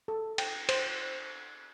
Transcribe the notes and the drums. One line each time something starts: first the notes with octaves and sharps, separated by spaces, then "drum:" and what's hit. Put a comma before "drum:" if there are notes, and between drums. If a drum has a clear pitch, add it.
A4
G5, drum: cymbal
C5, drum: cymbal